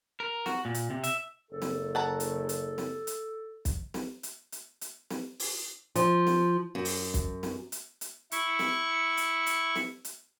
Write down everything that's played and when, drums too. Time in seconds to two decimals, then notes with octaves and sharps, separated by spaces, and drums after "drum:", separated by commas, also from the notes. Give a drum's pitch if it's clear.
0.20 A#4
0.46 F#4, drum: snare
0.65 A#2
0.74 drum: hi-hat
0.90 C3
1.04 E5, drum: hi-hat
1.51 F#1 A4
1.62 drum: snare
1.95 F#5 A5 A#5
2.20 drum: hi-hat
2.49 drum: hi-hat
2.78 drum: snare
3.07 drum: hi-hat
3.65 drum: kick, hi-hat
3.94 drum: snare
4.23 drum: hi-hat
4.52 drum: hi-hat
4.81 drum: hi-hat
5.10 drum: snare
5.40 drum: open hi-hat
5.95 F3, drum: hi-hat
6.27 drum: snare
6.75 F#2
6.85 drum: open hi-hat
7.14 drum: kick, hi-hat
7.43 drum: snare
7.72 drum: hi-hat
8.01 drum: hi-hat
8.32 E4 C#6, drum: hi-hat
8.59 drum: snare
9.17 drum: hi-hat
9.46 drum: hi-hat
9.75 drum: snare
10.05 drum: hi-hat